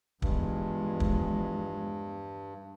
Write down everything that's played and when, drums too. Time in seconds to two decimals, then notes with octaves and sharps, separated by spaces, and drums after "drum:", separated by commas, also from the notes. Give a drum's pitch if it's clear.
0.22 E2 G2 F3 G#3, drum: kick
1.00 drum: kick